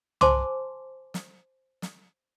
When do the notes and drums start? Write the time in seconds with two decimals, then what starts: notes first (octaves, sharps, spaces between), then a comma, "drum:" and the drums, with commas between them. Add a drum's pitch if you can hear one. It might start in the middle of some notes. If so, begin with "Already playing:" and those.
0.21 C5 G#5 A5 C6 D6, drum: tom C2
1.14 drum: snare
1.82 drum: snare